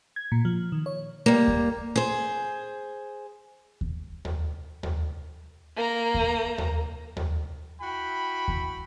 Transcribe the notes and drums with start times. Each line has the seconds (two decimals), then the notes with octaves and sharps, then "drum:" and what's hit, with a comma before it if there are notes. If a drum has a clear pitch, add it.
0.16 G#6
0.32 A#2
0.45 F3
0.72 D#3
0.86 C#5
1.26 G3 A#3
1.48 drum: kick D#2
1.96 G#4 C5
3.81 drum: kick D#2
4.25 drum: tom D#2
4.83 drum: tom D#2
5.76 A#3 A#5
6.14 drum: kick D#2
6.58 drum: tom D#2
7.17 drum: tom D#2
7.81 E4 F#4 G5 B5
8.48 drum: kick D#2